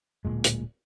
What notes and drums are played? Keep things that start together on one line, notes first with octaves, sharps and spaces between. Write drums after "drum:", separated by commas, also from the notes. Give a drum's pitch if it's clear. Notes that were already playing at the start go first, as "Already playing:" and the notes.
D1 E2 A#2 G#3
drum: hi-hat